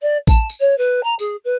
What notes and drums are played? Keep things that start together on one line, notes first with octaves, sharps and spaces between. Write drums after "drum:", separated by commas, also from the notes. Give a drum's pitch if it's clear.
D5
A5, drum: kick A1, tambourine
drum: tambourine
C#5
B4
A#5
G#4, drum: tambourine
B4